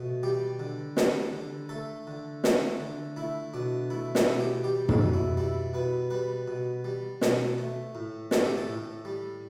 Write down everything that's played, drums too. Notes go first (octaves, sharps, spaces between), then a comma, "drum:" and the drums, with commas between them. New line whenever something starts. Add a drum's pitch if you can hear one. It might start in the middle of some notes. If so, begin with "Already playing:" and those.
Already playing: B2 A3
G3 G4
D3
G3, drum: snare
D3
A3 A4
D3
A3, drum: snare
D3
A3 E4
B2 D4
A3 E4
E4, drum: snare
B2
G4
G3 G4
A4, drum: tom
B2
E4
G3 E4
B2 B4
G3 B4
B2
G3
B2, drum: snare
A3
A2
A3 A4, drum: snare
G4
A4
A2
G3